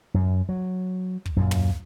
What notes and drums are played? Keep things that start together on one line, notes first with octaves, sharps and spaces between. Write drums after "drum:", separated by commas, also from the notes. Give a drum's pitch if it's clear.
F#2
F#3
drum: kick
F#2 A#2
drum: tom